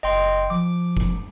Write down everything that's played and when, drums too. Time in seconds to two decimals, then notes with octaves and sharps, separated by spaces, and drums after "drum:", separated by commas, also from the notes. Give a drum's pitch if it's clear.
0.03 F#1 D#5 G5 C6
0.50 F3 D6
0.97 drum: kick